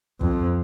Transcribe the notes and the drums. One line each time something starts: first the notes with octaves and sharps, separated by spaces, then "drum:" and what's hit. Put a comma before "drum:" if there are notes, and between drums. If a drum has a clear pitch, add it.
F2, drum: kick